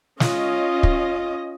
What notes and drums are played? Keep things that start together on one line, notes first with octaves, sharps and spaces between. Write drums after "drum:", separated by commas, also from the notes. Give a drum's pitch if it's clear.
C#4 F4 D#5, drum: snare
drum: kick